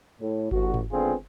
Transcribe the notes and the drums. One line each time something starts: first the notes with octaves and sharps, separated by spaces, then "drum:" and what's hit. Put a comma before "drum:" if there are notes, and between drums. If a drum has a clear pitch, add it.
A2
A1 F#4, drum: kick G1
drum: tom G#2
C#2 D3 B3 C4 F4 G#4